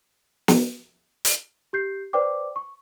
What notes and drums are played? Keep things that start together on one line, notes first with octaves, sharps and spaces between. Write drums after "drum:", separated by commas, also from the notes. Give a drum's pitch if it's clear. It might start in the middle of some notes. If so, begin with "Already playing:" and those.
drum: snare
drum: hi-hat
G4 G6 C7
B4 C5 D5 G5 D6
C#6